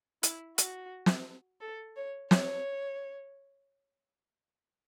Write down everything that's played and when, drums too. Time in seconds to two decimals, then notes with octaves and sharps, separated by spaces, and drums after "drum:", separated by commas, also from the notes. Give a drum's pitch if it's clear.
0.23 E4, drum: hi-hat
0.58 F#4, drum: hi-hat
1.06 drum: snare
1.61 A4
1.97 C#5
2.31 C#5, drum: snare